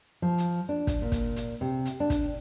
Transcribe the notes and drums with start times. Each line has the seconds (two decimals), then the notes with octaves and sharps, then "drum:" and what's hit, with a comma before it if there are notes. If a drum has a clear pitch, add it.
0.22 F3
0.38 drum: hi-hat
0.69 D4
0.87 drum: kick, hi-hat
1.02 A#2
1.12 drum: kick, hi-hat
1.36 drum: hi-hat
1.61 C3
1.85 drum: hi-hat
2.00 D4
2.10 drum: kick, hi-hat